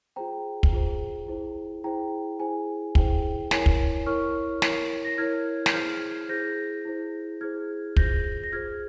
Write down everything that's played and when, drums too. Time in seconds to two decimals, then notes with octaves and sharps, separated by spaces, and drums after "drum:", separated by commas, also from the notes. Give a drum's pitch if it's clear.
0.16 F4 G#4 C5 G5 A#5
0.63 drum: kick
0.73 F4 G#4 C5
1.28 E4 G#4 C5
1.84 E4 G#4 C5 G5 A#5
2.39 E4 G#4 C5 G#5
2.95 E4 G#4 C5 G5, drum: kick
3.51 E4 A#4 C#5 G#5, drum: snare
3.66 drum: kick
4.06 E4 A#4 C#5 C#6 F6
4.62 E4 A#4 C#5, drum: snare
5.05 A#6
5.18 E4 A#4 C#5 F6 G#6
5.66 G6, drum: snare
5.73 E4 G#4 C5 F6 G#6
6.29 E4 G#4 C5 G6 A#6
6.85 E4 G#4 C5
7.41 E4 G#4 C5 F6 G#6
7.96 F4 G#4 C5 G6 A#6, drum: kick
8.44 A#6
8.53 F4 G#4 C5 F6 G#6